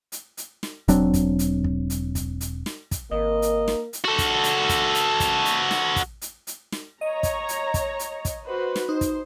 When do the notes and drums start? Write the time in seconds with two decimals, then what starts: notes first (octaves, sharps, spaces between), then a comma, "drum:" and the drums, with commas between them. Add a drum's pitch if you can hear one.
0.12 drum: hi-hat
0.37 drum: hi-hat
0.63 drum: snare
0.88 E1 F#3 C4 D4, drum: hi-hat
1.14 drum: kick, hi-hat
1.39 drum: hi-hat
1.64 drum: kick
1.90 drum: hi-hat
2.15 drum: kick, hi-hat
2.41 drum: hi-hat
2.66 drum: snare
2.91 drum: kick, hi-hat
3.12 G#1 A#3 A#4 D#5
3.42 drum: hi-hat
3.68 drum: snare
3.93 drum: hi-hat
4.04 F#4 A4
4.18 drum: kick, hi-hat
4.44 drum: hi-hat
4.69 drum: kick, hi-hat
4.95 drum: hi-hat
5.20 drum: kick, hi-hat
5.45 drum: hi-hat
5.71 drum: snare
5.96 drum: kick, hi-hat
6.22 drum: hi-hat
6.47 drum: hi-hat
6.72 drum: snare
7.01 C#5 D#5 A#5
7.23 drum: kick, hi-hat
7.49 drum: hi-hat
7.74 drum: kick, hi-hat
7.99 drum: hi-hat
8.25 drum: kick, hi-hat
8.47 F#4 B4 C5
8.76 drum: snare
8.89 D#4 C5
9.01 drum: kick, hi-hat